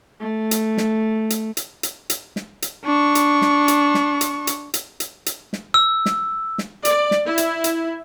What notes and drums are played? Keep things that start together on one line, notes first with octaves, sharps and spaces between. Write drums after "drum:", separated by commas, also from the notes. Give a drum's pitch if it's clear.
A3
drum: hi-hat
drum: snare
drum: hi-hat
drum: hi-hat
drum: hi-hat
drum: hi-hat
drum: snare
drum: hi-hat
D4 C#6
drum: hi-hat
drum: snare
drum: hi-hat
drum: snare
drum: hi-hat
drum: hi-hat
drum: hi-hat
drum: hi-hat
drum: hi-hat
drum: snare
E6
drum: snare
drum: snare
D5, drum: hi-hat
drum: snare
E4
drum: hi-hat
drum: hi-hat